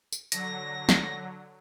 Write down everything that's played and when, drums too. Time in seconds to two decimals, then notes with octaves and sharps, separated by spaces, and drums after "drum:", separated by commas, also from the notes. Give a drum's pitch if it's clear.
0.12 drum: tambourine
0.32 D3 F#3 A#6, drum: hi-hat
0.89 drum: snare